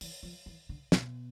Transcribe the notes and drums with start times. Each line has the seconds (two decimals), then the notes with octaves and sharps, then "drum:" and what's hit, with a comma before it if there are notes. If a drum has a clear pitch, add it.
0.01 E3, drum: open hi-hat
0.23 F3
0.46 E3
0.69 D3
0.92 B2, drum: snare